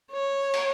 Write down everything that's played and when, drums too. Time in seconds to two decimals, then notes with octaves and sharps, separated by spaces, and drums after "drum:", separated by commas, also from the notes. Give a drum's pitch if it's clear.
0.12 C#5
0.54 drum: cymbal